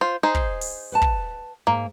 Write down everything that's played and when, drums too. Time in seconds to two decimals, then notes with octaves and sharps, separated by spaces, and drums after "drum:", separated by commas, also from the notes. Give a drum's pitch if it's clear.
0.01 F4 C5
0.23 D#4 G#4 C5
0.35 drum: kick
0.61 drum: open hi-hat
0.92 B4 F#5 A5
1.02 drum: kick
1.67 G#2 A#3